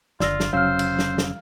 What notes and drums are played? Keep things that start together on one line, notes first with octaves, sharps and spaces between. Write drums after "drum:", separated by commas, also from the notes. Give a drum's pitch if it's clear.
F#1 D3 F4 D5 E6 A#6, drum: snare
drum: snare
F1 C#3 F#3 C#4 C5 F5 E6 F6
drum: cymbal
drum: snare
drum: snare